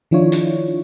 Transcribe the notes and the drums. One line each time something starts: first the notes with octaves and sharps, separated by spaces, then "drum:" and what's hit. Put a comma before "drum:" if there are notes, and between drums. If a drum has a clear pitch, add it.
D#3 F3 D4 E4 F4 C#5
drum: hi-hat